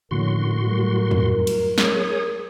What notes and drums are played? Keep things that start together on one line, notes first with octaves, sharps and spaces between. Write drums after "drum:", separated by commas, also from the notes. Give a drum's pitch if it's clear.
A2 D3 F3 A#3 C#4 F#4 A#4 C6
F#3 G3 A3 A#4
drum: tom E2
drum: cymbal
G#4 C#5 D#6, drum: snare